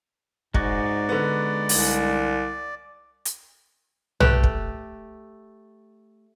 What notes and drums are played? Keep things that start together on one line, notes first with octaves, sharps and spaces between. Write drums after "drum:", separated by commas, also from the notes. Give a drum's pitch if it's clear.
G#2 G#3 D#4 F#4 D5, drum: kick
D3 B3
C2, drum: open hi-hat
drum: hi-hat
A3 G4 B4, drum: tom
drum: kick